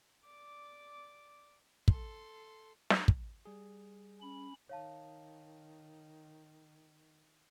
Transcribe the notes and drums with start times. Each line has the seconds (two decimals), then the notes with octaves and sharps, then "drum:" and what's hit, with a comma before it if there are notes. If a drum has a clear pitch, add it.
0.25 D5 D6
1.88 A4 C6, drum: kick
2.90 drum: snare
3.08 drum: kick
3.46 G3 G#4
4.21 C#4 B5
4.69 D#3 C#5 F5 A5